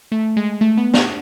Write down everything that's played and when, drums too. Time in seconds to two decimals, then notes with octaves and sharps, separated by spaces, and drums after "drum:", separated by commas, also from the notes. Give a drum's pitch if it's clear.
0.12 A3
0.37 G#3
0.61 A3
0.77 B3
0.94 D4, drum: snare